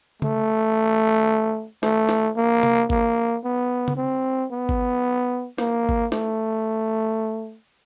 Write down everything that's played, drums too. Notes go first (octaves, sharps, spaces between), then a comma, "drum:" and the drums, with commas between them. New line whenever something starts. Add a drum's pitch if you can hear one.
A3, drum: tom C#3
A3, drum: snare
drum: snare
A#3
drum: tom C3
A#3, drum: kick G#1
B3
drum: tom C#3
C4
B3
drum: kick G#1
A#3, drum: snare
drum: kick G#1
A3, drum: snare